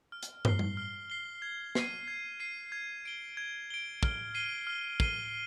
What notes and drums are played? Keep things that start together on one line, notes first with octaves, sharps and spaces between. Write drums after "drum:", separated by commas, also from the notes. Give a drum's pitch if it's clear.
F6
drum: hi-hat
C7 G7, drum: tom
drum: tom
F6
C7 G7
G#6
C7 D#7, drum: snare
G#6
C7 D#7
G#6
D7 G7
G#6
D7 G7
F6, drum: kick
C7 D#7 G7
F6
C7 D#7 G7, drum: kick